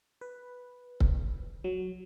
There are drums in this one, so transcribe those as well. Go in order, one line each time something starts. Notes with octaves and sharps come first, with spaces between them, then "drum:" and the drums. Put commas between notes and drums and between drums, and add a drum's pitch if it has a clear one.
B4
drum: kick C#1
F#3